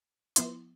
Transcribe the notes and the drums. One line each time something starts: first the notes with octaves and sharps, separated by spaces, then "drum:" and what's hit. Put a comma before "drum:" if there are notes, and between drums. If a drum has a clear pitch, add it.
F3 B3 E4 C6, drum: hi-hat